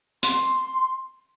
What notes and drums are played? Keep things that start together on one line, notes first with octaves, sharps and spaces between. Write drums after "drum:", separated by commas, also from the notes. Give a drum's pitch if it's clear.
C6, drum: hi-hat